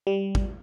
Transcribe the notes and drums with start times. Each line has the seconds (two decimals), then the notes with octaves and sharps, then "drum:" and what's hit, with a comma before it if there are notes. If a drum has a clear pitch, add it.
0.07 G3
0.35 drum: kick